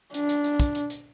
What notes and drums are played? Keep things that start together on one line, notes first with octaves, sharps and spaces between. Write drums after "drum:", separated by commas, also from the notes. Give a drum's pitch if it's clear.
D4, drum: hi-hat
drum: hi-hat
drum: hi-hat
drum: kick, hi-hat
drum: hi-hat
drum: hi-hat